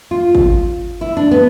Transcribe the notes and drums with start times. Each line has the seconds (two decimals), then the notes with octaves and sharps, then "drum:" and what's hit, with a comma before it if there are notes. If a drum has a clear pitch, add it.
0.11 F4
0.35 drum: kick
1.01 E4
1.17 D4
1.31 B3